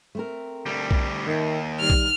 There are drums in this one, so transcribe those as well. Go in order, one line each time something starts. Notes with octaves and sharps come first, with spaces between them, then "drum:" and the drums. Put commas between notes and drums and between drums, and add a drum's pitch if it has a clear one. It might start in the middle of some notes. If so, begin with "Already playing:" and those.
A3 C4 A#4
D2 G3
drum: kick B1
D#2 D#3 E5 G5
D#3 G3 F6
drum: kick B1